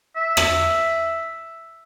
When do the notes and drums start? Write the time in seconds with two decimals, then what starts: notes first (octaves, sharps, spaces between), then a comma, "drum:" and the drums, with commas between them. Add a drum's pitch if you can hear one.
0.16 E5
0.37 drum: rim click